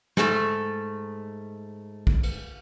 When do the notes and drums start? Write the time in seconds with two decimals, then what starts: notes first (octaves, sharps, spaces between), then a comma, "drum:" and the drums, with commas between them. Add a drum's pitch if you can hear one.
0.17 G#2 A3, drum: snare
2.07 drum: kick
2.23 drum: cymbal